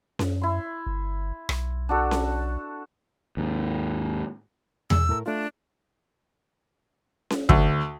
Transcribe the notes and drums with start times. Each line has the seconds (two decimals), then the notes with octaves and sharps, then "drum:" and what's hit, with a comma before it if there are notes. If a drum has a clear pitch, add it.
0.19 F#2, drum: snare C#4
0.41 E4 C6
0.87 G1
1.49 B1, drum: rim click
1.89 D4 F#4 A4
2.11 drum: snare C#4
3.37 D#2 G#2
4.90 G#4 E6, drum: tom E2
5.09 A2 A3 A#4
5.26 A3 D4 F4
7.30 drum: snare C#4
7.49 D2, drum: kick